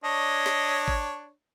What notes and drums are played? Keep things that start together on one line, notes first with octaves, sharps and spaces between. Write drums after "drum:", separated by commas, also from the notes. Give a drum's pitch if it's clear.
D4 C#5 D#5
drum: snare
drum: kick G#1